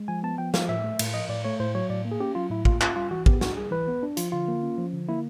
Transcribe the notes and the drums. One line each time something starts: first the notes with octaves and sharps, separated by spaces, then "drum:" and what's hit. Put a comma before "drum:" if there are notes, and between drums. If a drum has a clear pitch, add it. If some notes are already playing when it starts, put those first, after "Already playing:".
Already playing: G#3
F3 G#5
B3 A5
F3 G5
F3 F5, drum: snare
A2 E5
A3
A2, drum: cymbal
F3 D#5
A2 D5
A3 C#5
A2 C5
F#3 C#5
A2 D5
A#3
G#4
C#4 G4
F#3 F4
A2 E4
A#3 F4, drum: kick A1
C#4 F4, drum: clap
G3 F4
E3 F#4
B3 G4, drum: kick A1
D4 F#4, drum: snare
G3 G#4
E3 B4
B3
D4
F3 F4, drum: hi-hat
D3 F4
A#3
C#4
F3
D3
A#3 E4